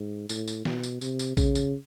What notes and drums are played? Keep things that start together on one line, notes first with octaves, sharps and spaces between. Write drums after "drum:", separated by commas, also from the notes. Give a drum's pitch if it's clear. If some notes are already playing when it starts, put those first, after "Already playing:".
Already playing: G#2
A2, drum: tambourine
drum: tambourine
B2, drum: snare
drum: tambourine
C3, drum: tambourine
drum: tambourine
C#3, drum: kick A#1, tambourine
drum: tambourine